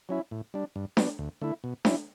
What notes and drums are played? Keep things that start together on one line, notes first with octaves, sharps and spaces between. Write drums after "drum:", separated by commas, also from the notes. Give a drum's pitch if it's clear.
F#3 C#4 E4
A2
G3 D4
G2
F#3 B3 D4, drum: snare D4
D2
D3 A3 E4
B2
F#3 C#4 E4, drum: snare D4